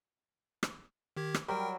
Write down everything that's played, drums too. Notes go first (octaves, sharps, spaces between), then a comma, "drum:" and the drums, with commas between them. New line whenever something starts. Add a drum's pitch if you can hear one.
drum: rim click
D#3 G4 G#6
drum: rim click
F#3 G3 A#4 G5